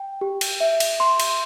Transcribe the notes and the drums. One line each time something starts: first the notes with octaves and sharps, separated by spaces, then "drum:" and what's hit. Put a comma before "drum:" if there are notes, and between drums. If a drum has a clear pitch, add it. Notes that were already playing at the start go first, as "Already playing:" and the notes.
Already playing: G5
G4
drum: cymbal
E5
drum: cymbal
C6
drum: cymbal